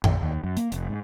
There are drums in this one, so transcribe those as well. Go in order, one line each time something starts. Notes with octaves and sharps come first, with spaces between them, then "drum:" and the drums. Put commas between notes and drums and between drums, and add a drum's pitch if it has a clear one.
A#1, drum: tom F2
D#2
F#2
A#3, drum: hi-hat
F1, drum: hi-hat
G#2